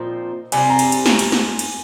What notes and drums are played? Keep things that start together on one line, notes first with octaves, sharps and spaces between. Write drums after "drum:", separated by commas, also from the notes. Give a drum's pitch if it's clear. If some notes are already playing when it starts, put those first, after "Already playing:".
Already playing: A#2 F3 C4 D#4
C3 G3 C4 G#5, drum: cymbal
A#5
drum: cymbal
drum: cymbal
drum: snare
drum: cymbal
drum: snare
drum: cymbal